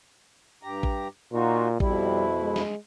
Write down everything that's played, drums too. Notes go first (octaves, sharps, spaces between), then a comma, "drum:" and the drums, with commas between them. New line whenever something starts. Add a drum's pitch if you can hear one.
G2 G4 A#5
drum: kick A1
A#2 D#4 F4 F#4
F2 B2 G3 E4, drum: kick A1
G#3
drum: snare